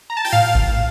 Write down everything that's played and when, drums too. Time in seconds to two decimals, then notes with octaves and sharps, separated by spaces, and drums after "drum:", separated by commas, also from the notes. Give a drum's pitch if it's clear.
0.10 A#5
0.17 A5
0.25 G5, drum: open hi-hat
0.32 A2 F5
0.55 drum: kick G#1